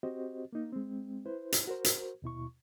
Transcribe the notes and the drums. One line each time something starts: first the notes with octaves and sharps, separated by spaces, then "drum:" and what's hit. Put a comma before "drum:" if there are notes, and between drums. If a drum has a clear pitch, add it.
C4 F#4 G4 C5 D#5
A#3 D#4
G#3 C4
E4 B4 C5
drum: hi-hat
F#4 A#4 C5
drum: hi-hat
D#2 B2 E4 C#6